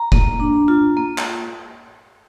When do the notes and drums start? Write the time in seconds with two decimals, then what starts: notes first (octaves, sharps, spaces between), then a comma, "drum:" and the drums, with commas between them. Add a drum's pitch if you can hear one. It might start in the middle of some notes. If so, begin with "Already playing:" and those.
Already playing: A#5
0.12 A#3, drum: kick F1
0.40 D4
0.68 F4
0.97 A#3
1.18 drum: clap